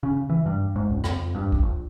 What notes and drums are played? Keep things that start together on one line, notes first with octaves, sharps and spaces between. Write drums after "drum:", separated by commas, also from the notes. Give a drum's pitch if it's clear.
C#3
E3
G2
G#2
C#2
F2, drum: rim click
G2
drum: kick C#2
A#1